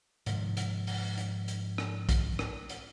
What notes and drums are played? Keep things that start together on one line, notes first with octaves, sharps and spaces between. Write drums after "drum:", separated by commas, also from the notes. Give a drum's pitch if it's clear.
G#2 C3 D#3 F3, drum: hi-hat
drum: hi-hat
drum: open hi-hat
drum: hi-hat
drum: hi-hat
drum: rim click
drum: kick A#1, hi-hat
drum: rim click
drum: hi-hat